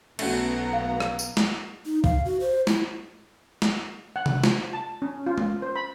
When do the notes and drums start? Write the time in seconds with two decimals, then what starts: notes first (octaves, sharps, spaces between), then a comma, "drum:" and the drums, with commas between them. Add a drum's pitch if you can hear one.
0.19 B1 A3 B3 C#4 F#4 A#5, drum: cymbal
0.73 F5
1.00 drum: rim click
1.19 drum: tambourine
1.37 drum: snare
1.86 D#4
2.04 F5, drum: kick
2.25 F#4
2.41 C5
2.67 E4, drum: snare
3.62 drum: snare
4.16 F#5
4.26 drum: tom C3
4.44 F4, drum: snare
4.73 A5
5.02 C#4
5.27 F4
5.38 drum: tom G#3
5.62 C5
5.76 B5